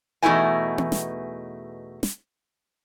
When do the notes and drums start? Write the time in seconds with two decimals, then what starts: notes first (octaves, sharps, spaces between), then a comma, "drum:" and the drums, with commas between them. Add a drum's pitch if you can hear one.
0.23 E2 B2 A3 D#4 E4 G#5
0.78 drum: tom B3
0.92 drum: snare
2.03 drum: snare